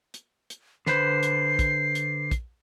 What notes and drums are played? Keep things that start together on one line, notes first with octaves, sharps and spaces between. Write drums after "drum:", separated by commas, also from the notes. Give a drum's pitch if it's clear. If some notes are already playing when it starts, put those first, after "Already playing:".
drum: hi-hat
drum: hi-hat
D3 B4 C5 C7, drum: snare
drum: hi-hat
drum: kick, hi-hat
drum: hi-hat
drum: kick, hi-hat